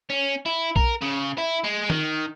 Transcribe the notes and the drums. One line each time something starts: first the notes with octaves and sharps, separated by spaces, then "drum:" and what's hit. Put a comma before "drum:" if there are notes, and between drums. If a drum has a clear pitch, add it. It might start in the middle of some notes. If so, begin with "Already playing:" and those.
C#4
E4
A#4, drum: kick A#1
C#3
E4
G#3
D#3, drum: tom D#3